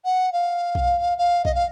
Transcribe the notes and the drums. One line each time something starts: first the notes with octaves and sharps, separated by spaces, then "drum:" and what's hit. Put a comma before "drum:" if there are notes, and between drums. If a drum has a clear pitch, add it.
F#5
F5
drum: kick B1
F5
D#5, drum: kick B1
F5